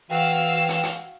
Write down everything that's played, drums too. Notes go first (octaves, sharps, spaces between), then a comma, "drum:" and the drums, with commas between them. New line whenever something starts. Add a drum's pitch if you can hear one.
E3 F#4 F5 G5 E6
drum: hi-hat
drum: hi-hat